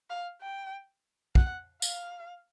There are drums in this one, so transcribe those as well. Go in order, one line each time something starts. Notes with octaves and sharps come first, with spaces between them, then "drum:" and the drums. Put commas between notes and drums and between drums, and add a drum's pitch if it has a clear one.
F5
G5
F#5, drum: kick
F5, drum: tambourine